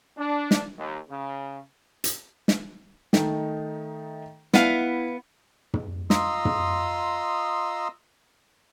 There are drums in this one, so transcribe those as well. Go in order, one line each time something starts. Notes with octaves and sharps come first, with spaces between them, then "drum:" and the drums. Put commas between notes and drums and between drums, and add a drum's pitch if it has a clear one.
D4
drum: snare
D#2
C#3
drum: hi-hat
drum: snare
D#3 A3 D#4, drum: snare
B3 E4 F5, drum: snare
drum: tom
F4 D#5 A#5 C6 D#6 E6, drum: snare
drum: tom